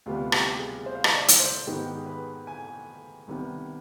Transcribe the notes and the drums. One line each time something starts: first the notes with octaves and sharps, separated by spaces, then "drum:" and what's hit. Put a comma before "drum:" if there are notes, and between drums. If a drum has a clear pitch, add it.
D2 C3 G3 B3 F4
G4, drum: rim click
G#4
C5
F5
D#5, drum: rim click
D5
drum: hi-hat
C5
G#2 D#3 B3 D#4 G4
G#4
B4
G#5
C2 C3 D#3 B3